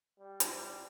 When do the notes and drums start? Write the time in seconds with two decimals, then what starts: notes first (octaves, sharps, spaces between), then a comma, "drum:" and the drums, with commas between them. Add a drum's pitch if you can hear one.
0.20 G3
0.40 drum: hi-hat